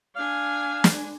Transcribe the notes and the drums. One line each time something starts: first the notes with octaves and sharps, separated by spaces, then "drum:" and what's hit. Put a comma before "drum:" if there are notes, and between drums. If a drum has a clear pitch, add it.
D4 F5 G#5
drum: snare